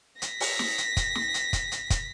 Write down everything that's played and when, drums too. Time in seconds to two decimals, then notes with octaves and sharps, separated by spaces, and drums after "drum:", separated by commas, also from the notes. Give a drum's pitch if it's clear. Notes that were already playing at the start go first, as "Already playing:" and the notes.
0.22 A#6 B6, drum: hi-hat
0.40 drum: open hi-hat
0.59 drum: snare
0.78 drum: hi-hat
0.97 drum: kick, hi-hat
1.15 drum: snare
1.34 drum: hi-hat
1.53 drum: kick, hi-hat
1.72 drum: hi-hat
1.90 drum: kick, hi-hat